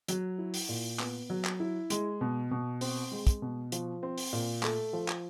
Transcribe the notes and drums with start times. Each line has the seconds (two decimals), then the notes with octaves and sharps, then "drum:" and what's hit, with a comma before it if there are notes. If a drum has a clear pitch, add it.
0.08 F#3, drum: hi-hat
0.38 E4
0.54 drum: open hi-hat
0.69 A#2
0.99 B3, drum: clap
1.30 F#3
1.45 drum: clap
1.60 E4
1.90 G#3, drum: hi-hat
2.21 B2
2.51 B2
2.81 C4, drum: open hi-hat
3.12 G#3
3.27 drum: kick, hi-hat
3.42 B2
3.72 F3, drum: hi-hat
4.03 C4
4.18 drum: open hi-hat
4.33 A#2
4.63 A3, drum: clap
4.93 F3
5.09 drum: clap